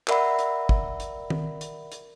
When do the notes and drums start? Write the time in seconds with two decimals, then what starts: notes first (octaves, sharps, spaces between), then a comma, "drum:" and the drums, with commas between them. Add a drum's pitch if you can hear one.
0.08 A#4 D5 E5 F#5 B5, drum: clap
0.39 drum: hi-hat
0.69 drum: kick
1.00 drum: hi-hat
1.30 drum: tom D#3
1.61 drum: hi-hat
1.92 drum: hi-hat